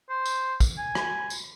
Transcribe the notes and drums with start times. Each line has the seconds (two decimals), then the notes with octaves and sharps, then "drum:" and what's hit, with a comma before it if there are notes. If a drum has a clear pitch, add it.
0.09 C5
0.26 drum: tambourine
0.60 drum: kick, tambourine
0.78 G#5
0.95 drum: rim click
1.30 drum: tambourine